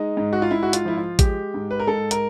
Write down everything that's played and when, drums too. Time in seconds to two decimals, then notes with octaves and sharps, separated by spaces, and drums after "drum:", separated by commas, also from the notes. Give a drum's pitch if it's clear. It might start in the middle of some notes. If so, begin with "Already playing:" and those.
Already playing: G#3 D#4
0.17 G#2
0.33 F#4
0.42 F4
0.51 G#2 E4
0.63 F#4
0.73 F4, drum: hi-hat
0.85 F3 E4
0.97 F4
1.19 G#3 G4, drum: kick A1, hi-hat
1.54 G#2
1.71 B4
1.79 A#4
1.87 G#2 A4
2.11 A#4, drum: hi-hat